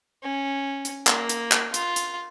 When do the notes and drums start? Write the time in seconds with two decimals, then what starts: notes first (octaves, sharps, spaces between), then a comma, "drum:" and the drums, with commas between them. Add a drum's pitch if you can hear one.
0.23 C#4
0.85 drum: hi-hat
1.07 A#3, drum: clap
1.29 drum: hi-hat
1.52 drum: clap
1.74 F4, drum: hi-hat
1.96 drum: hi-hat